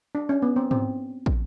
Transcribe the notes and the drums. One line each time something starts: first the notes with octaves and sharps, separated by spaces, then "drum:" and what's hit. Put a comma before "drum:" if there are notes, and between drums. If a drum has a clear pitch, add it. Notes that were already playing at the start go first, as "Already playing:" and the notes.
D4
C#4
B3
C4
C4, drum: tom G#2
drum: kick